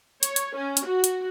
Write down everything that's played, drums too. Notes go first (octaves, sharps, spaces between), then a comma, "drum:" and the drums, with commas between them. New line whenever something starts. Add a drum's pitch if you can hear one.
C#5, drum: hi-hat
drum: hi-hat
C#4
drum: hi-hat
F#4
drum: hi-hat